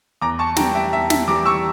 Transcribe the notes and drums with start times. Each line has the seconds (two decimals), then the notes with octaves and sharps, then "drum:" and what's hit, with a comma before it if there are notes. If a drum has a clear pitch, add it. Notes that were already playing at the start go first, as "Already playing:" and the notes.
0.21 E2 A#5 D6
0.39 A5 C#6
0.56 E3 G3 G5 A#5, drum: snare
0.75 E5 G5
0.93 E2 E5
1.10 E5, drum: snare
1.28 E3 G3 A#5 D6
1.45 C#6 E6